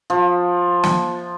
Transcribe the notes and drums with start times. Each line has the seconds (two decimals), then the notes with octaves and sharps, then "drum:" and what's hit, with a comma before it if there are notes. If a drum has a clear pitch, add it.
0.10 F3
0.83 drum: snare